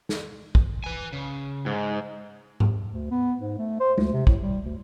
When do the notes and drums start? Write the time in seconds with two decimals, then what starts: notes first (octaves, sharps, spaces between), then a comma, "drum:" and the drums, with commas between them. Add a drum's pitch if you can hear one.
0.09 drum: snare
0.55 drum: kick
0.84 B4 G#5
1.13 C#3
1.66 G#2
2.60 drum: tom G#2
2.90 D2
3.11 B3
3.40 G#2
3.58 A3
3.80 C5
3.98 D2, drum: tom G#3
4.13 C3
4.27 A2, drum: kick
4.42 G3
4.65 D2